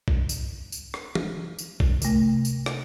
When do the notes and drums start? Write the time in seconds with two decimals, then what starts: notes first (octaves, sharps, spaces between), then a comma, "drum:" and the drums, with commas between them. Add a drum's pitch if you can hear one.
0.08 drum: kick
0.29 drum: tambourine
0.72 drum: tambourine
0.94 drum: rim click
1.15 drum: tom
1.59 drum: tambourine
1.80 drum: kick
2.02 C3 A3, drum: tambourine
2.45 drum: tambourine
2.66 drum: rim click